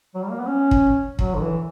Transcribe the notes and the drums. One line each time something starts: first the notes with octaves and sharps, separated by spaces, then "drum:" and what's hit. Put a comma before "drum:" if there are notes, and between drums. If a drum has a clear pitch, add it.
F#3
G3
A#3
B3
C#4
drum: kick
F#3, drum: kick
D3
E3